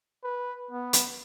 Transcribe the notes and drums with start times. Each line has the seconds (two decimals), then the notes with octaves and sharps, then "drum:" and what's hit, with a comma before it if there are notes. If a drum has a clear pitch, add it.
0.24 B4
0.71 B3
0.93 drum: hi-hat